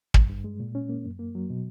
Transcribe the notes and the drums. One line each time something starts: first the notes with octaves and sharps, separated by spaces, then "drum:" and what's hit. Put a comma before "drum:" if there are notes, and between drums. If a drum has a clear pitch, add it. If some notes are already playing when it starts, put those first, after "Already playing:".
G2, drum: kick
G2
G#3
A#2
C#4
A#3
F#2
A#3
F#3
B2